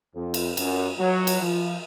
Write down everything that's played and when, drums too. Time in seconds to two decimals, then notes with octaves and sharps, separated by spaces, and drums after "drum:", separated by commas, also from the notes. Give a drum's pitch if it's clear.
0.15 F2
0.34 drum: cymbal
0.57 F#2, drum: cymbal
0.98 F#3
1.27 drum: cymbal
1.42 F3